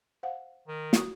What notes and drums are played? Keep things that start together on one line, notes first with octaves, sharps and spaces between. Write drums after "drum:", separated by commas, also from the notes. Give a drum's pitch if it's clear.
C5 F5 F#5
D#3
F#4 C#6 D#6, drum: snare